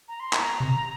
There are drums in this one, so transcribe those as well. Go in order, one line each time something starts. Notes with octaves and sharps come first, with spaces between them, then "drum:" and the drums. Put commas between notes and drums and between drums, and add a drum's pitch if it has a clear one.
A#5
C6
A#5, drum: clap
C3